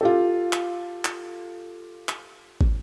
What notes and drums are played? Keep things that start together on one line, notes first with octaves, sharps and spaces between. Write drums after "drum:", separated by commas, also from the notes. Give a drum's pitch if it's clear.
F4 G4 A4
drum: clap
drum: clap
drum: clap
drum: kick